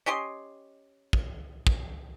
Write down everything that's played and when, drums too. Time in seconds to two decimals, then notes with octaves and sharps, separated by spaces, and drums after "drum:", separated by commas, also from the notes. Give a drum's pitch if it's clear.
0.06 C#4 G4 D#5 C6
1.13 drum: kick
1.67 drum: kick